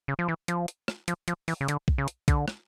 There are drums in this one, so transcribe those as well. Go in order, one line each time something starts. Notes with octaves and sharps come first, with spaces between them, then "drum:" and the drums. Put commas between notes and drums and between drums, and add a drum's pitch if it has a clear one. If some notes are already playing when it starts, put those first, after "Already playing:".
C#3
F3
E3
F3, drum: hi-hat
drum: hi-hat
drum: rim click
F3, drum: hi-hat
F3, drum: hi-hat
E3, drum: open hi-hat
C#3
D3, drum: hi-hat
drum: kick B1
C#3
drum: hi-hat
D3, drum: kick B1, hi-hat
drum: rim click